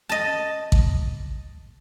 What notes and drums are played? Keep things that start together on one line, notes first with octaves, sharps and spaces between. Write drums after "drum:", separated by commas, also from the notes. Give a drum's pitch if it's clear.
D#5 A5
drum: kick A1